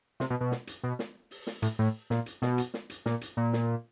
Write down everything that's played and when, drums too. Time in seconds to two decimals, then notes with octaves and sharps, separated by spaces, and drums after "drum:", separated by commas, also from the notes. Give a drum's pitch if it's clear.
0.20 C3, drum: snare
0.30 B2
0.41 B2
0.51 drum: snare
0.67 drum: hi-hat
0.83 B2
0.99 drum: snare
1.31 drum: open hi-hat
1.47 drum: snare
1.62 A2, drum: hi-hat
1.79 A2
2.10 A#2, drum: snare
2.26 drum: hi-hat
2.42 B2, drum: snare
2.58 drum: hi-hat
2.74 drum: snare
2.90 drum: hi-hat
3.06 A#2, drum: snare
3.21 drum: hi-hat
3.37 A#2
3.53 drum: snare